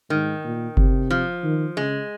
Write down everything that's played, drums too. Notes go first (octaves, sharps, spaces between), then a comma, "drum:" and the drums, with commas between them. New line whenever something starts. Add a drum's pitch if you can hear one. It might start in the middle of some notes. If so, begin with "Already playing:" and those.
G#2 D#3
A#2
C3, drum: kick F#1
F3
D#3
C#3 G#3